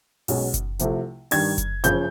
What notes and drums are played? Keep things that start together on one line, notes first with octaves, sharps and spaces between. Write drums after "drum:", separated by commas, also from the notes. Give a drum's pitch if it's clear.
B1 B2 G#3 C#4, drum: open hi-hat
drum: kick F#1, hi-hat
C2 C3 F3 A3, drum: hi-hat
G2 D#3 G3 G#6, drum: open hi-hat
drum: kick F#1, hi-hat
F#1 C#3 F3 G6, drum: hi-hat